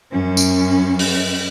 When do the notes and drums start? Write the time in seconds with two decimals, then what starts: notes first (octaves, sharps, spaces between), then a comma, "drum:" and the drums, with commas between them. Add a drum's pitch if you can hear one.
0.12 F#2 C#4
0.37 drum: tambourine
0.99 drum: open hi-hat